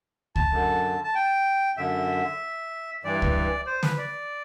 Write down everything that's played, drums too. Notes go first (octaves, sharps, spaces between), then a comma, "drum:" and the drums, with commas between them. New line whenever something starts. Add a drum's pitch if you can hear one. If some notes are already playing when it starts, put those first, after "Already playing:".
A5, drum: kick C#2
F#2 D3
A5
G5
F#2 D3 E5
G2 E3 D5
drum: kick C#2
C5
B4, drum: snare
D5